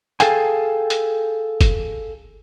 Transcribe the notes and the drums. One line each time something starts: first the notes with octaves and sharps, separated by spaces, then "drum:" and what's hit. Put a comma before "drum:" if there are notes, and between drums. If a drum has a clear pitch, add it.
G#4 A4 F5 G5 G#5, drum: hi-hat
drum: hi-hat
drum: kick F#1, hi-hat